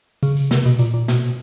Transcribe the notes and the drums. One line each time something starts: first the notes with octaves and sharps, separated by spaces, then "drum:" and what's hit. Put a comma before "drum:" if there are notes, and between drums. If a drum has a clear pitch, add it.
C#3, drum: tambourine
drum: tambourine
C3, drum: snare
B2, drum: tambourine
A#2, drum: tambourine
A#2
B2, drum: snare
drum: tambourine